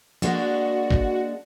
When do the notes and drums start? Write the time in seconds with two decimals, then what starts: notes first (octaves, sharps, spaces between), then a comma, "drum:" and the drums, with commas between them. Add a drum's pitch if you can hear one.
0.22 G#3 A#3 D4 F#4, drum: tom F3
0.91 drum: kick